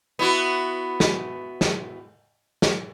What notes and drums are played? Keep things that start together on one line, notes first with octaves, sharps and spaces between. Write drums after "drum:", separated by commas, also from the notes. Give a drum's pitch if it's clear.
B3 E4 F#4
drum: snare
drum: snare
drum: snare